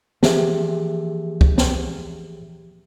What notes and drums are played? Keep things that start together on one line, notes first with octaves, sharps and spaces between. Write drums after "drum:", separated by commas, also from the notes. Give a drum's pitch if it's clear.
E3 F3 A#3 G4 G#4 E5, drum: snare
drum: kick
drum: snare